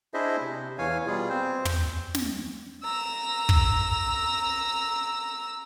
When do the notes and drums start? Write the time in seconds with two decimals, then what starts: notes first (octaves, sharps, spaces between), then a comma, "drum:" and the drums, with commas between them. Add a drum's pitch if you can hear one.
0.14 D4 E4 G#4 C5 D#5 E5
0.41 C3
0.78 E2 E3 C#5 F5 G#5
1.07 B2 G3 F4 G#4
1.29 C4 C5
1.65 drum: tom
2.15 drum: snare
2.83 A#5 E6
3.49 drum: kick